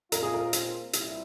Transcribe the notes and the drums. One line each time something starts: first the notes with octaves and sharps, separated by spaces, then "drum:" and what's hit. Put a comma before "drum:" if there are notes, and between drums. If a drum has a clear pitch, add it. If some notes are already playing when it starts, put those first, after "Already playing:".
A#2 G#3 C4 F4 A#4, drum: hi-hat
G#4
A#4
drum: hi-hat
C2 A#2 E4, drum: hi-hat